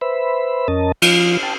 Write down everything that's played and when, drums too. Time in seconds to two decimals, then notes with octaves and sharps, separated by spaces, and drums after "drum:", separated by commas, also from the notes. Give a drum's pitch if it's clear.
0.01 B4 C5 E5 B5
0.68 F2 C#4 A#4 D#5 A5
1.02 F3 F4, drum: cymbal
1.43 G5 A5